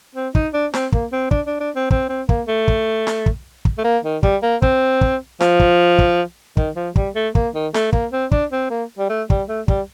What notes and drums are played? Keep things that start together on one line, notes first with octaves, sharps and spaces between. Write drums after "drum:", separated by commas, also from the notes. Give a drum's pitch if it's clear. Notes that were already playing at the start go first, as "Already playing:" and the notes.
C4
D#4, drum: kick
D4
C4, drum: snare
A#3, drum: kick
C4
D4, drum: kick
D4
D4
C4
C4, drum: kick
C4
A#3, drum: kick
A3
drum: kick
drum: snare
drum: kick
drum: kick
A3
A#3
D#3
G3, drum: kick
A#3
C4, drum: kick
drum: kick
F3, drum: snare
drum: kick
drum: kick
D#3, drum: kick
F3
G3, drum: kick
A3
A#3, drum: kick
D#3
A3, drum: snare
A#3, drum: kick
C4
D4, drum: kick
C4
A#3
G3
A3
G3, drum: kick
A3
G3, drum: kick